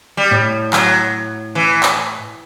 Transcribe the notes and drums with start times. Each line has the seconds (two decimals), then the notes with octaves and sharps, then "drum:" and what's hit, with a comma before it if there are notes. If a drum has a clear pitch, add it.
0.17 G3
0.31 A2
0.73 F#3, drum: clap
1.55 E3
1.83 drum: clap